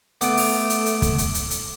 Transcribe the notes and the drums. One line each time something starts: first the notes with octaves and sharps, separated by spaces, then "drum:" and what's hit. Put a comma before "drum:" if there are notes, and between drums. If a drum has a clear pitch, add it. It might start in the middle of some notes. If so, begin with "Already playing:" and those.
A3 B3 D6 D7, drum: hi-hat
drum: open hi-hat
drum: hi-hat
drum: hi-hat
drum: kick, hi-hat
drum: hi-hat
drum: hi-hat
drum: hi-hat